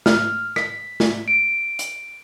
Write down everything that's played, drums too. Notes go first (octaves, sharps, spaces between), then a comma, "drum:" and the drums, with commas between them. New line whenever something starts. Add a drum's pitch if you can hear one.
F6, drum: snare
B6, drum: rim click
drum: snare
D7
drum: hi-hat